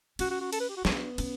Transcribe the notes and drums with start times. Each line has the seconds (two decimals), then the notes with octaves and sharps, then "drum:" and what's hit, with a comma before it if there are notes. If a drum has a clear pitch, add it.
0.19 C#4 F#4, drum: cymbal
0.30 F#4
0.41 F#4
0.53 A4, drum: cymbal
0.60 B4
0.69 G4
0.77 F#4
0.85 B3 D4, drum: snare
1.18 C#4, drum: cymbal